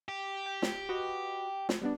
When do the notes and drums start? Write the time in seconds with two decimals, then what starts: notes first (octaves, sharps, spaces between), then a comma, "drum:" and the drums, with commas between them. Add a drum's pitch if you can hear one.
0.08 G4
0.46 G5
0.62 drum: snare
0.89 F#4 B4 D#5
1.69 drum: snare
1.82 G3 B3 D4